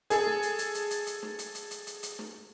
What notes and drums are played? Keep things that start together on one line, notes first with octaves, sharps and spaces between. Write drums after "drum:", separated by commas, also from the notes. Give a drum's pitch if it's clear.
G#4 A4, drum: hi-hat
drum: snare
drum: hi-hat
drum: hi-hat
drum: hi-hat
drum: hi-hat
drum: hi-hat
drum: snare
drum: hi-hat
drum: hi-hat
drum: hi-hat
drum: hi-hat
drum: hi-hat
drum: snare